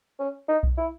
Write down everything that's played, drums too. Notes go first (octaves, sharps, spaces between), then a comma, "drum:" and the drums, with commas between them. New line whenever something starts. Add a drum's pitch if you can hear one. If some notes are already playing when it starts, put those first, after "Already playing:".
C#4
D#4
drum: kick B1
E4